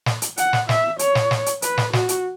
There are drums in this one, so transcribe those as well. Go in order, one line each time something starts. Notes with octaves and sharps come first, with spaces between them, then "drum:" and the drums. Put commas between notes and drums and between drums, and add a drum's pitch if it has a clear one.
drum: snare
drum: hi-hat
F#5, drum: hi-hat
drum: snare
E5, drum: snare
C#5, drum: hi-hat
drum: snare
drum: snare
drum: hi-hat
B4, drum: hi-hat
drum: snare
F#4, drum: snare
drum: hi-hat